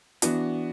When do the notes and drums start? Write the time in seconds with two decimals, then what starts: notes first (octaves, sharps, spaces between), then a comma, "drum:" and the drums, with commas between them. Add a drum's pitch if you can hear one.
0.22 E3 B3 D4 F#4, drum: hi-hat